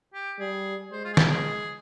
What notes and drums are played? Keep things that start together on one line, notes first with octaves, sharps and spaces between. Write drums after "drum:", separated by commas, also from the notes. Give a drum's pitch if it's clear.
G4
G3 G#4
G#3 C5
F4
G#4
G4, drum: snare
G#4